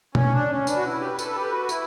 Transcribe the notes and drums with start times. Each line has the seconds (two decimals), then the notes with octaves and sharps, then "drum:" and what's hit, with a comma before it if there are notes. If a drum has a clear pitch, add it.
0.15 C#4 C#5, drum: tom B2
0.33 D4
0.49 C#4
0.67 D4 B4, drum: tambourine
0.76 F#4
0.83 E4
1.01 G4
1.19 A4, drum: tambourine
1.35 G4
1.52 F#4
1.69 E4, drum: tambourine